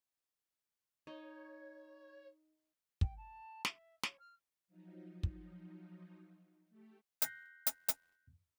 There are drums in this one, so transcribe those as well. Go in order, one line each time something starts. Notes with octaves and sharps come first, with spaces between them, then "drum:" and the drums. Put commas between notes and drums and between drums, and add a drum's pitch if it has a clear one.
D#4 C#5
G5, drum: kick
A5
E5, drum: snare
C#5, drum: snare
F6
F3 F#3 D#4
drum: kick
A3 G4
F#6 G6 A#6 C7, drum: hi-hat
drum: hi-hat
drum: hi-hat